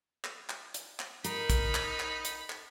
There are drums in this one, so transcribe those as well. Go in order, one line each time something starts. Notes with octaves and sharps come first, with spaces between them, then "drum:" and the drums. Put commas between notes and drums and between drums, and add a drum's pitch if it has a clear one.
drum: clap
drum: clap
drum: hi-hat
drum: clap
D#4 A#4 B5, drum: hi-hat
drum: kick, hi-hat
drum: clap
drum: clap
drum: hi-hat
drum: clap